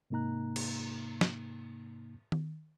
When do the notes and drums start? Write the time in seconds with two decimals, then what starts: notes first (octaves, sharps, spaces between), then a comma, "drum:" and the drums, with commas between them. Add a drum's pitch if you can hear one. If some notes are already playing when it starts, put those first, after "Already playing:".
0.10 G#2 C3 A#3 D#4 A#5 F#6
0.56 drum: cymbal
1.21 drum: snare
2.32 drum: tom D#3